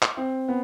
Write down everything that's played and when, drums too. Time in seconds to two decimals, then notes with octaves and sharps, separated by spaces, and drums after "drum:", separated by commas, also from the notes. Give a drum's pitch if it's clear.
0.02 drum: clap
0.17 C4
0.48 B3